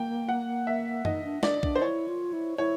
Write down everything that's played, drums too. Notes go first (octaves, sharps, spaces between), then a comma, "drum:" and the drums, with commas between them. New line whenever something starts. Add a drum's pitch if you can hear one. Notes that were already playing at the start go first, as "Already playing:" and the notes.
Already playing: A#3 G5
F#5
E5
D#4 D#5, drum: tom F#2
D4
D4 D5, drum: snare
D4, drum: kick B1
C5
E4 C#5
F4
E4
E4 C#5